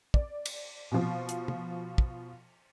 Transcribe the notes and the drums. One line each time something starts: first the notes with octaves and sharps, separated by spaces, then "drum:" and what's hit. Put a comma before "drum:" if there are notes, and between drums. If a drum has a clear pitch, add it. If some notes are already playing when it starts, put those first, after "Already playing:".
D5, drum: kick
drum: cymbal
B2 F3
drum: hi-hat
drum: tom
drum: kick